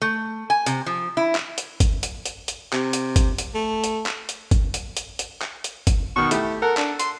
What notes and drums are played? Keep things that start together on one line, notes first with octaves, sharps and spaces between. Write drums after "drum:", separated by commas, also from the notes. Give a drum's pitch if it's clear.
A3
G#5
C3, drum: hi-hat
F3
E4
drum: clap
drum: hi-hat
drum: kick, hi-hat
drum: hi-hat
drum: hi-hat
drum: hi-hat
C3, drum: clap
drum: hi-hat
drum: kick, hi-hat
drum: hi-hat
A3
drum: hi-hat
drum: clap
drum: hi-hat
drum: kick, hi-hat
drum: hi-hat
drum: hi-hat
drum: hi-hat
drum: clap
drum: hi-hat
drum: kick, hi-hat
B2 D#3 C#6
A3 E4 G4, drum: hi-hat
A4 A#4 F#5
D4, drum: clap
C6, drum: hi-hat